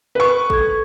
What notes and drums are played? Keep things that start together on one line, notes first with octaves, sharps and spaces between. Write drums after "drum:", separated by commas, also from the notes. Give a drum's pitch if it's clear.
B4 C#6
A4 G#6, drum: kick G#1